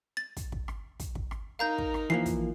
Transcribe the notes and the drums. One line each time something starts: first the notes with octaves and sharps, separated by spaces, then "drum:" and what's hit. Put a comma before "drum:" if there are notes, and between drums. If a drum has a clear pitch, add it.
A6
drum: kick, hi-hat
drum: kick
drum: rim click
drum: kick, hi-hat
drum: kick
drum: rim click
D#4 A#4 F5 A#5 G6
drum: kick
drum: rim click
E3 F3 A#3 C7
drum: kick, hi-hat